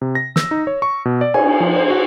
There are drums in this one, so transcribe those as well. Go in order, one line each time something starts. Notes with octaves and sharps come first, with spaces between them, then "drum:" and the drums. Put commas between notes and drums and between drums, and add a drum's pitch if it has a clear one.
C3
A#6
E6, drum: snare
D#4
C#5
C#6
B2
D5
G#5, drum: cymbal
F3
C5
F#4